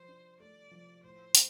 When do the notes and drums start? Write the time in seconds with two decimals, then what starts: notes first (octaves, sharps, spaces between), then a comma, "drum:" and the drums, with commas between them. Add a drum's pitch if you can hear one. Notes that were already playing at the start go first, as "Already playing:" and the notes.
Already playing: F3 C5
0.08 D4
0.40 A3 D5
0.71 F3
1.03 A2 C5
1.35 C4, drum: hi-hat